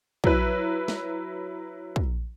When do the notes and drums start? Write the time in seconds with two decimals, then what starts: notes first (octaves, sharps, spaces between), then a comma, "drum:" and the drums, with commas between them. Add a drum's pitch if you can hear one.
0.24 F#3 E4 B4, drum: kick
0.88 drum: snare
1.96 drum: kick